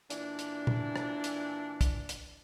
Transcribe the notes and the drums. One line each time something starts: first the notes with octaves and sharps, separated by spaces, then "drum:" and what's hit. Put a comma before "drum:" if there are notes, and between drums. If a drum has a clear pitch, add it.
A#2 E3 D4, drum: hi-hat
drum: hi-hat
drum: tom A#2
drum: rim click
drum: hi-hat
drum: kick, hi-hat
drum: hi-hat